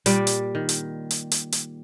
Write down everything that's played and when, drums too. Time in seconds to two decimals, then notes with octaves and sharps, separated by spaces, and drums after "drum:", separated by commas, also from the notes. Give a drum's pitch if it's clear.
0.06 A#2 G3 D5, drum: hi-hat
0.27 drum: hi-hat
0.55 D#3
0.69 drum: hi-hat
1.11 drum: hi-hat
1.32 drum: hi-hat
1.52 drum: hi-hat